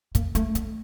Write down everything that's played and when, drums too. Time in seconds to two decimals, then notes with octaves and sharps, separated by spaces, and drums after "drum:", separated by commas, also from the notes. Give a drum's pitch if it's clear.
0.15 A#3, drum: kick, hi-hat
0.35 A3, drum: hi-hat
0.55 A3, drum: hi-hat